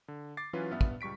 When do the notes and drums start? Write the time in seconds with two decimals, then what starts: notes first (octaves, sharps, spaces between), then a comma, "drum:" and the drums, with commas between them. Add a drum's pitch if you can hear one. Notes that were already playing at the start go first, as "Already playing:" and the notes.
0.08 D3
0.37 D6 A6 C7
0.53 E3 F#3 C#4 F4 B4
0.71 G2 B3 E5 F6
0.81 drum: kick
1.01 C#2 G3 C#6 B6 D7